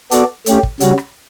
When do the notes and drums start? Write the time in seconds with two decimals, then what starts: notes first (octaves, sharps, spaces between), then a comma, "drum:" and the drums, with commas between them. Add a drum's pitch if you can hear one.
0.11 B3 F#4 A4 D5, drum: hi-hat
0.46 A3 C#4 G4, drum: hi-hat
0.63 drum: kick
0.80 C#3 G3 C#4 F#4, drum: hi-hat
0.98 drum: rim click